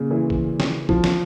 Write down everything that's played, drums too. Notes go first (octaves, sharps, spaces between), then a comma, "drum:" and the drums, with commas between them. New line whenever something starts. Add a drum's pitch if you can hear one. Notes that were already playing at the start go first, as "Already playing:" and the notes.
Already playing: A#2 C#3
E3
drum: kick
drum: snare
F3, drum: kick
drum: snare